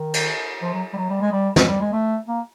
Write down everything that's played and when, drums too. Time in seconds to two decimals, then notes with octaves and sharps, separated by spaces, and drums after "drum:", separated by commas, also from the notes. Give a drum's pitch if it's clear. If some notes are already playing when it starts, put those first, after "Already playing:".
Already playing: D#3
0.14 drum: cymbal
0.62 F3
0.74 F#3
0.93 G3
0.97 F#3
1.09 G3
1.21 G#3
1.32 G3
1.56 G#3, drum: snare
1.68 G3
1.81 G#3
1.92 A3
2.28 A#3